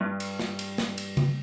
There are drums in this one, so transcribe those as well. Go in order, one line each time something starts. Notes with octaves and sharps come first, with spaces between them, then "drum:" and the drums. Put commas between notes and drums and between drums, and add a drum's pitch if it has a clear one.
G2
drum: cymbal
drum: snare
drum: cymbal
drum: snare
drum: cymbal
drum: tom C#3